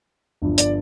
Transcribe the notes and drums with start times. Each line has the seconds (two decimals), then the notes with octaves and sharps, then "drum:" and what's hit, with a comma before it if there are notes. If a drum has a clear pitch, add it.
0.42 G1 G2 F3
0.58 D5, drum: hi-hat